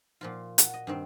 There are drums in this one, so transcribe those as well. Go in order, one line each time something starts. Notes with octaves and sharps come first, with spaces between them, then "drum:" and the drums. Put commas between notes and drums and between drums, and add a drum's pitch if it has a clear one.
A#2 F3 F4
F#4, drum: hi-hat
D#5
G2 D#3 C4 C6